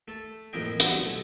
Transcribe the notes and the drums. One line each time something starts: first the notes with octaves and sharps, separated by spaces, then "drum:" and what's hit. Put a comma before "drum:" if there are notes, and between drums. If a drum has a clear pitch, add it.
A3 A4
A1 F2 A#3 E4 D#5 G5
F#3 G3 B3 C4 E4, drum: hi-hat
B1 A3